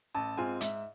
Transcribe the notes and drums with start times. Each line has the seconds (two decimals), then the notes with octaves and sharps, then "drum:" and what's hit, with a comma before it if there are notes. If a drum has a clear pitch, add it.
0.15 A1 A5
0.37 G#2 G#3 C4 F4 G#5
0.61 G#2 E5, drum: hi-hat